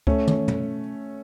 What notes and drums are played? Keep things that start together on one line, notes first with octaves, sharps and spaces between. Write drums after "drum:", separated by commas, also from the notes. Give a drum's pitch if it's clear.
A3 C#4, drum: kick D2
drum: tom
drum: tom